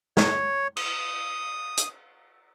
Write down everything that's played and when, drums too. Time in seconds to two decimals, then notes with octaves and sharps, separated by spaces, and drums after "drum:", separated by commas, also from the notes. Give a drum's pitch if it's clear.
0.17 C#5, drum: snare
0.77 D#6, drum: cymbal
1.77 drum: hi-hat